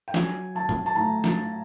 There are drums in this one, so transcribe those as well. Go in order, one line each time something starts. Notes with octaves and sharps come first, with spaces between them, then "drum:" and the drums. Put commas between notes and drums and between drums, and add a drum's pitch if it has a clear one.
G5
F#3 G#5, drum: snare
F#3 A5
drum: tom
A5
A2 A#5
drum: snare